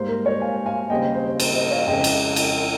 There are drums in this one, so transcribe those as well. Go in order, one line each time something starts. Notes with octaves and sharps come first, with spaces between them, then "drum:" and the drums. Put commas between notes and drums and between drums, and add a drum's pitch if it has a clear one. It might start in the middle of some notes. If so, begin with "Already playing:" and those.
Already playing: G#2 G3 A#3 C5
A#4
A#4 C#5
F5 G#5
F5 G#5
D#2 C#3 G3 C4 D#5 G5
C5 D#5
C5
C5
C5, drum: cymbal
C5 D#5
C#5 F5
F2 C#3 G#3 C#4 D#5 G5
drum: cymbal
drum: cymbal